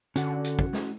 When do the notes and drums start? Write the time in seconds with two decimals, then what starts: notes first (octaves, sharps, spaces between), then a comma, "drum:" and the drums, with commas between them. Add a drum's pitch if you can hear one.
0.16 D3 C#4 F#4 F#5, drum: hi-hat
0.44 drum: hi-hat
0.59 drum: kick
0.73 drum: snare